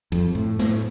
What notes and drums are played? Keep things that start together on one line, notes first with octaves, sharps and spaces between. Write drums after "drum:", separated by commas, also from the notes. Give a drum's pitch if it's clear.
F2
A2
A2, drum: snare